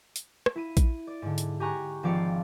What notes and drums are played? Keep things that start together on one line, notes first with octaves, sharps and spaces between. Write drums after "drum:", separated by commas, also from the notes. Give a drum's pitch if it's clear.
drum: hi-hat
drum: rim click
E4 D#7
drum: kick A#1, hi-hat
D5
G#2 D3
drum: hi-hat
G4 G#5 A#5 C#6 F#6
G#1 F3 C4 D5 F5 C#7